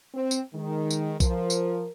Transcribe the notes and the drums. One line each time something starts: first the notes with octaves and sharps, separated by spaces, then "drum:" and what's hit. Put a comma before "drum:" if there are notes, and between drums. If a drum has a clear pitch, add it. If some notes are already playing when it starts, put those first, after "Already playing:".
C4
drum: tambourine
D#3 G#3
drum: tambourine
F3 A#4, drum: kick B1, tambourine
drum: tambourine